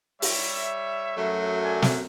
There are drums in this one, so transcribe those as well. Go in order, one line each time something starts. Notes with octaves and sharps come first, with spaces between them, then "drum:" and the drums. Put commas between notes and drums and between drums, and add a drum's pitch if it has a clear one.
G3 C#5 E5, drum: open hi-hat
F#2 F#3 A3
A4 D5 G#5
drum: snare